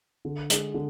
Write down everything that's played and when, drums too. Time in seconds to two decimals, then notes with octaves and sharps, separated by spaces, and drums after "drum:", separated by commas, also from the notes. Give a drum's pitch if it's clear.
0.25 D3
0.50 G#3, drum: hi-hat
0.74 D3